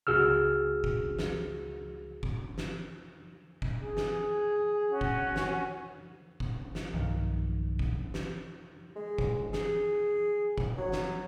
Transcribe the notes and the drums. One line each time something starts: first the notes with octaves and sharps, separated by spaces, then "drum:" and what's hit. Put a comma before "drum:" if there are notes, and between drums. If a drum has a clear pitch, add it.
C#2 F#4 G#4 E6 F6
drum: kick F#1
drum: snare
drum: kick F#1
drum: snare
drum: kick F#1
G#4
drum: snare
C#4 F#4
drum: kick F#1
drum: snare
drum: kick F#1
drum: snare
B1 G2 D#3 F3
drum: kick F#1
drum: snare
G#3
drum: kick F#1
G#4, drum: snare
drum: kick F#1
F#3
drum: snare